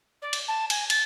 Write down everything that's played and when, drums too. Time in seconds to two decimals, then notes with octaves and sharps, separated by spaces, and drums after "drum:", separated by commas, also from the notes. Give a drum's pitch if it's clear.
0.22 D5
0.33 drum: cymbal
0.48 A5
0.70 G#5, drum: cymbal
0.90 A6, drum: cymbal